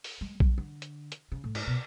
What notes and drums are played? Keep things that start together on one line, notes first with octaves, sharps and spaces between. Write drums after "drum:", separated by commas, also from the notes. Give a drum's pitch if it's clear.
drum: open hi-hat
G#3
F#3, drum: kick A#1
D3
drum: hi-hat
drum: hi-hat
C#3
A2
G#2, drum: cymbal
B2